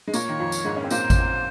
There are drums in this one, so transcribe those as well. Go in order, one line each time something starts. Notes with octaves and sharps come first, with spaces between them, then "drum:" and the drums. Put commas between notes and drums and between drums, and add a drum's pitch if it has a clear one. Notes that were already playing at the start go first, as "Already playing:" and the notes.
G#3
A#2 A#3 C#5, drum: tambourine
D#3
F2 F3
drum: tambourine
G#2 G#3
C#4
C4
A#2 A#3 C5, drum: tambourine
drum: kick G#1, tambourine